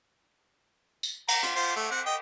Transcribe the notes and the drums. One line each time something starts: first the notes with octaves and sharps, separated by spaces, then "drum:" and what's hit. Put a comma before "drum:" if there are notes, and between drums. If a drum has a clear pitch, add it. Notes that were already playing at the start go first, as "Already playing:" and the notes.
drum: tambourine
A#5, drum: cymbal
F4, drum: hi-hat
F4 C5
A3
C4 F#5
D#5 G5